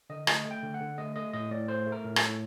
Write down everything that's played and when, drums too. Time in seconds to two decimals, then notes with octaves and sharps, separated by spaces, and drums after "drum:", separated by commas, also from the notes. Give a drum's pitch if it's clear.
0.10 D3 D#5
0.27 A3 D#5, drum: rim click
0.45 A3
0.51 G5
0.63 D3
0.74 F#5
0.80 D3
0.98 A3 D#5
1.16 A3 D#5
1.33 A2 D#5
1.51 A2 D5
1.68 A3 C5
1.86 A3
1.92 A#4
2.04 A2
2.16 A4, drum: rim click
2.22 A2